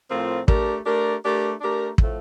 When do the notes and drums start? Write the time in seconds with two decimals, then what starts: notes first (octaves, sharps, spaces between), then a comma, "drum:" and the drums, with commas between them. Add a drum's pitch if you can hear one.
0.10 A2 F3 C4 F4 A#4
0.48 A3 D4 G4 A#4, drum: kick
0.86 A3 D4 G4 A#4
1.24 A3 D4 G4 A#4
1.61 A3 D4 G4 A#4
1.98 A2 F3 A3, drum: kick